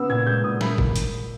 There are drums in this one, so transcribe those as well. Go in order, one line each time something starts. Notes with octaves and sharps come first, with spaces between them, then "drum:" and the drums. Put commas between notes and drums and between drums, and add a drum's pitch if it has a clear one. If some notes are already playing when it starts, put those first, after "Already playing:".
Already playing: C#3 B3 E6
A#2 G#6
G#3 G6
A#2 D#6
A#3 B5, drum: snare
drum: kick F#1
drum: hi-hat